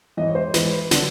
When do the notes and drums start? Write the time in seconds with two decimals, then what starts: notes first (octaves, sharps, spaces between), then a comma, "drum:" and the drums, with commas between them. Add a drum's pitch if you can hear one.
0.17 G#2 E3 D#5
0.28 C#5
0.35 C5
0.54 G#2 E3 B4, drum: snare
0.91 D3 F#3, drum: snare